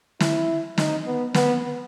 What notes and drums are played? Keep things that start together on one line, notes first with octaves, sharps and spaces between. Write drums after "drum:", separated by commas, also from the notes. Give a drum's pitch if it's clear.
E4, drum: snare
D#4, drum: snare
B3
B3, drum: snare